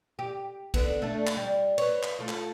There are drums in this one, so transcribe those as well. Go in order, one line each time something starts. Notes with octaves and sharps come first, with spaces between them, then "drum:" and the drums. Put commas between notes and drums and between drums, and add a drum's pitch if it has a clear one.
G4
D3 B3, drum: kick, cymbal
A3 D4
drum: clap
G3
B4 C#5, drum: cymbal
drum: clap
A3 F4
drum: clap